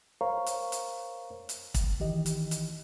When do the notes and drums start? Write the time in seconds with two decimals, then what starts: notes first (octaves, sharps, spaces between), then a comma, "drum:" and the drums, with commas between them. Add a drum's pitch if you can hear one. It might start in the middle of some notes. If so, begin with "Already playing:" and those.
0.21 A#4 C5 C#5 F5 A#5 C#6
0.46 drum: hi-hat
0.72 drum: hi-hat
1.49 drum: hi-hat
1.74 drum: kick, hi-hat
2.00 D#3 E3 G4 D#5
2.26 drum: hi-hat
2.51 drum: hi-hat